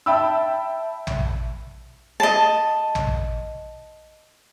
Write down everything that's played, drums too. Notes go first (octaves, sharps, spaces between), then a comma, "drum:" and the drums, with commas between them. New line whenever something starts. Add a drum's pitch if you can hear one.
E5 G5 A5 B5 E6
drum: tom
D#5 A5
drum: tom